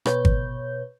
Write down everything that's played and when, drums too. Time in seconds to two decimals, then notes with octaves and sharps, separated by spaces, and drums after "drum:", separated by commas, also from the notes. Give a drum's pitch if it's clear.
0.06 B2 B4 C#5 G6, drum: rim click
0.25 drum: kick G#1